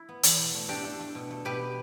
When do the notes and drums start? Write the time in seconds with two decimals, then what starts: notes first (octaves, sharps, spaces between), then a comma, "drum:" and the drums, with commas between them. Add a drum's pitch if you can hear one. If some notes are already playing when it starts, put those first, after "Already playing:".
Already playing: E4
0.09 B3
0.23 E2, drum: hi-hat
0.38 B2
0.54 A3
0.69 A3 D4 G4
0.84 A3
1.00 A3
1.15 B2
1.30 A3
1.45 B2 G4 B4